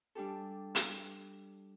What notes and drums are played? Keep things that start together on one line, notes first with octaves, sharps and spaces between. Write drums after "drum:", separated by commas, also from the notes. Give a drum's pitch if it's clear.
G3 D4 G4 A4
drum: hi-hat